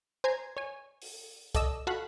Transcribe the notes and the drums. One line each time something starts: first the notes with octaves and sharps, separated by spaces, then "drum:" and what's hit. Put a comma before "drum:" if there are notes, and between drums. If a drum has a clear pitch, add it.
C5 G#5 A#5 G#6 C7
C#5 G#5
drum: open hi-hat
A4 D5 D#5 E6, drum: kick C2, hi-hat
F#4 A4 F5 F#5 B5